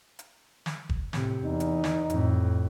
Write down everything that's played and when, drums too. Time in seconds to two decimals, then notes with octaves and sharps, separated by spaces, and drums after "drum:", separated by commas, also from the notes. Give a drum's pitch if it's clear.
0.19 drum: hi-hat
0.66 drum: snare
0.89 drum: kick
1.13 A2 C3, drum: snare
1.45 E2 D#4
1.60 drum: hi-hat
1.84 drum: snare
2.10 F2 A2, drum: hi-hat